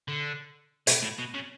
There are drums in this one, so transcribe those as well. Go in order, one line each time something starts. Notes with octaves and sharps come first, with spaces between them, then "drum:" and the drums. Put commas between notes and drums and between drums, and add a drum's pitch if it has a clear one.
D3
B2, drum: hi-hat
A2
B2
C#3